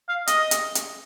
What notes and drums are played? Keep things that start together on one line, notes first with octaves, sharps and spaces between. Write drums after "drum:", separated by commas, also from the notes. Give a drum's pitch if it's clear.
F5
D#5, drum: hi-hat
drum: hi-hat
drum: hi-hat